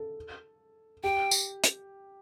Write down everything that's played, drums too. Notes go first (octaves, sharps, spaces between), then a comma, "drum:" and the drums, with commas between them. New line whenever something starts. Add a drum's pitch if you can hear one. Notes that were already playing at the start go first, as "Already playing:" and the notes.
Already playing: A4
G4 G5
drum: tambourine
drum: hi-hat